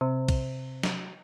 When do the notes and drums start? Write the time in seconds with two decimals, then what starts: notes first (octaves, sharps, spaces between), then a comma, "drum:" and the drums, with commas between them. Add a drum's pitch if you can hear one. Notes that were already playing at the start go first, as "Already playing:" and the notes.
0.01 C3
0.28 drum: kick B1, cymbal
0.83 drum: snare